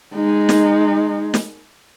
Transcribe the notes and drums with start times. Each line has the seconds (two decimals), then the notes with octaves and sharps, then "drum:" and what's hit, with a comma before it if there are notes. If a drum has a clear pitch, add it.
0.15 G#3 D#4
0.49 drum: snare
1.34 drum: snare